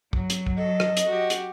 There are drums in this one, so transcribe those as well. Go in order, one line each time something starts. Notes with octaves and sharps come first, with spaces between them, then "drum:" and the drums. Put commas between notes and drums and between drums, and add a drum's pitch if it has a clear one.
F#3, drum: kick
drum: hi-hat
drum: kick
A4 D#5
drum: rim click
drum: hi-hat
F#4 G4
drum: hi-hat